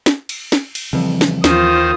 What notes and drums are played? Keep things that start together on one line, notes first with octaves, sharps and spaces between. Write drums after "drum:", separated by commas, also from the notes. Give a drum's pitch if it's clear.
drum: snare
drum: cymbal
drum: snare
drum: cymbal
F2 C#3 E3 G3
drum: snare
D#2 D#3 E3 F4 C5 D#6, drum: snare